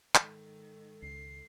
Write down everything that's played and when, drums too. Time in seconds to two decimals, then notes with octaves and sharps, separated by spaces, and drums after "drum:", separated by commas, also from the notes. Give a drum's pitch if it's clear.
0.15 G#2 D#3 A4, drum: clap
1.02 C#2 C7